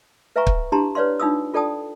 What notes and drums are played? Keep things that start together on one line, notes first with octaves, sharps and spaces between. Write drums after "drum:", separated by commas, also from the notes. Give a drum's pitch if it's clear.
B4 E5 F5 G#5 A#5 C#6
drum: kick
D4 E4 G4 A5 A#5 C6
B4 C#5 D5 F5 C6
D4 D#4 F4 F5 D#6 E6
F4 A4 D5 G5 A5 D#6